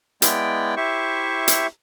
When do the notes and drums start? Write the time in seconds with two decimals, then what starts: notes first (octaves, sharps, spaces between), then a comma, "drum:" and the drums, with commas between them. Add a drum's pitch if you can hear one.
0.22 G#3 B3 E4 D5 G5, drum: hi-hat
0.77 E4 G4 C5 E5 C#6
1.48 drum: hi-hat